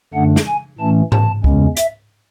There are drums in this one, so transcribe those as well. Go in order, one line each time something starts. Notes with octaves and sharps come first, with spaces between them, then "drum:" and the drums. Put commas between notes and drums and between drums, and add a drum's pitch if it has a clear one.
F#2 D3 A3 D4 F#5
drum: snare
G#5
A2 E3 A3 C#4 A5
A5, drum: tom G#2
E2 C#3 G#3 C#4, drum: kick C#2
E5, drum: hi-hat